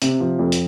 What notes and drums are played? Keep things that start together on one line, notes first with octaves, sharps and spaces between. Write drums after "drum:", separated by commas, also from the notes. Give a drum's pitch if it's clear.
C3, drum: hi-hat
F3
F2
drum: hi-hat